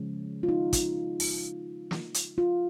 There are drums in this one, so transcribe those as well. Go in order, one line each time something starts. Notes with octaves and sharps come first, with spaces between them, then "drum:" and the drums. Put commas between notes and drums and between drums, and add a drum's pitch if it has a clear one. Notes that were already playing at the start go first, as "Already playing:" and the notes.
Already playing: C#3 F3 G#3 C#4
F4
D#4
drum: kick, hi-hat
drum: open hi-hat
drum: snare
drum: hi-hat
F4